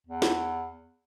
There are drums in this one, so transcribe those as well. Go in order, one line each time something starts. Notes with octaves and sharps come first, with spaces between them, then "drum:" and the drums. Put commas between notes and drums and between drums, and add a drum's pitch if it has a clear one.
E2
drum: snare